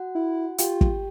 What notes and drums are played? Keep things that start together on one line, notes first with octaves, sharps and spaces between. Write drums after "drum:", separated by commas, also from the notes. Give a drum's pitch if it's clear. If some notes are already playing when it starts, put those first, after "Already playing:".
Already playing: F#4 F#5
E4
F4 G4 G5, drum: hi-hat
drum: kick